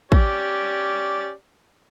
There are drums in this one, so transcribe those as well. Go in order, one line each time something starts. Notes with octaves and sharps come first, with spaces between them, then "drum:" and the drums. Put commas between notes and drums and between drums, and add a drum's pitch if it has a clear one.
C#4 G4 D5, drum: kick